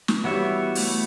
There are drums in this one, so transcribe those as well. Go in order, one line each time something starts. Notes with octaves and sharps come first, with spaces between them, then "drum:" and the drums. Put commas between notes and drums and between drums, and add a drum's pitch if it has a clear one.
drum: snare
E3 G3 B3 F#4 C#5 E5
A3, drum: open hi-hat